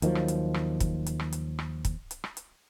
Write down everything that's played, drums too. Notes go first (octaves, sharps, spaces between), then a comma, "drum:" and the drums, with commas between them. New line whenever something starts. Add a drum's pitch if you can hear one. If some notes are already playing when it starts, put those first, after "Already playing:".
D#2 D#3 F3 F#3, drum: hi-hat
drum: rim click
drum: hi-hat
drum: rim click
drum: kick, hi-hat
drum: hi-hat
drum: rim click
drum: hi-hat
drum: rim click
drum: kick, hi-hat
drum: hi-hat
drum: rim click
drum: hi-hat